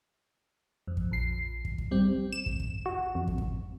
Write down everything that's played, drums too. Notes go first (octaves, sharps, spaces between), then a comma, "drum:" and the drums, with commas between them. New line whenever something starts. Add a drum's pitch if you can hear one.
F2
drum: kick
A#1 C7
drum: kick
drum: kick
G3 C4
E7
drum: kick
drum: kick
F#4
F2
drum: kick
G#1, drum: kick